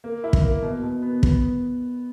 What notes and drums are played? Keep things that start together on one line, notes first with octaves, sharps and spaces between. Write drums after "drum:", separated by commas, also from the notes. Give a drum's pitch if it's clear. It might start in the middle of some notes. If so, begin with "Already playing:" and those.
A#3
E4
drum: kick
A#3
B2
B2
B3
B3, drum: kick